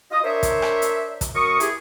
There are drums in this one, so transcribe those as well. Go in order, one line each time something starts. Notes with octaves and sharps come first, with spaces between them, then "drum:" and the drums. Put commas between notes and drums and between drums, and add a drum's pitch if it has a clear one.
F4 D#5
D4 A#4 C5 C#5 E5
drum: kick, hi-hat
drum: rim click
drum: hi-hat
drum: kick, hi-hat
F#2 A#4 C#6 D#6
E4 G4 G#4, drum: hi-hat